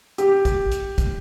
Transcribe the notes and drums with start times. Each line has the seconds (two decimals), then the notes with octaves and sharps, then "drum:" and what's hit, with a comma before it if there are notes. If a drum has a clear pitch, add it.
0.18 G4, drum: hi-hat
0.45 drum: kick, hi-hat
0.72 drum: hi-hat
0.98 drum: kick, hi-hat